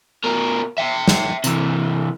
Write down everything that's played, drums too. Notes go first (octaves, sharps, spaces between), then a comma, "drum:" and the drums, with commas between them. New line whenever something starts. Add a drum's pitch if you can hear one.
B2 A#4
E5 G5
drum: snare
C3 E3, drum: tambourine